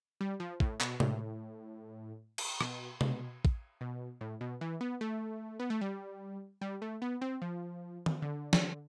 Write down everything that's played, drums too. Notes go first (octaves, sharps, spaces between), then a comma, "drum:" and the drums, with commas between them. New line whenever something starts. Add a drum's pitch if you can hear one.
G3
F3
A2, drum: kick
B2, drum: clap
A2, drum: tom C3
drum: cymbal
B2, drum: rim click
B2, drum: tom C3
drum: kick
B2
A2
B2
E3
B3
A3
B3
A3
G3
G3
A3
B3
C4
F3
drum: tom D#3
D3
drum: snare